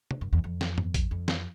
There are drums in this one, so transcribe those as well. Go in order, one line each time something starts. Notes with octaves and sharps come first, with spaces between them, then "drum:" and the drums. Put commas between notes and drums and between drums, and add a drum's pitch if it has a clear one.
drum: tom C3
F#2
E2
F2
drum: snare
drum: tom G2
drum: kick A1, hi-hat
F2
drum: snare